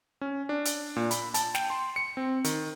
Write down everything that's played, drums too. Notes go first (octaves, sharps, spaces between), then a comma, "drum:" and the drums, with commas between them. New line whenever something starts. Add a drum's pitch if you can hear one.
C#4
D4
drum: hi-hat
A#2
B5, drum: hi-hat
A5, drum: hi-hat
G5, drum: snare
C6
C#7
C4
D#3, drum: hi-hat